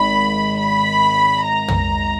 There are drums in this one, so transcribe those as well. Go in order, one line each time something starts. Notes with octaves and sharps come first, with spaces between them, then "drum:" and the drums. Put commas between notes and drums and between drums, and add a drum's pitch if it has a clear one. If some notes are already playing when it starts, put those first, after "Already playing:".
Already playing: G#1 B5
B5
A#5
drum: tom